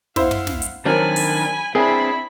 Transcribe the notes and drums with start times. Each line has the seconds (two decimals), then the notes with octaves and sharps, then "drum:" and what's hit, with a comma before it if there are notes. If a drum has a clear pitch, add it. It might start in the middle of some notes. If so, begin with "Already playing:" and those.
0.16 E4 C5 F5 F#5, drum: snare
0.31 drum: tom
0.47 drum: snare
0.62 drum: hi-hat
0.85 D#3 F#3 C4 D4 A#4 G#5 B5
1.16 drum: open hi-hat
1.75 C4 D4 E4 G#4 B5